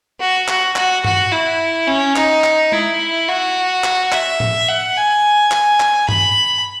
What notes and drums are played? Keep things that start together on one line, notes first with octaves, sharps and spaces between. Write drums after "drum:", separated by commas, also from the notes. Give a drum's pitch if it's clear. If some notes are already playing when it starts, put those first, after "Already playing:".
F#4
F#4, drum: clap
F#4, drum: clap
F#4, drum: tom G2
E4
C#4
D#4, drum: clap
drum: clap
E4, drum: tom G#3
F#4
drum: clap
E5, drum: clap
drum: tom A2
F#5
G#5
G#5, drum: clap
drum: clap
B5, drum: tom G2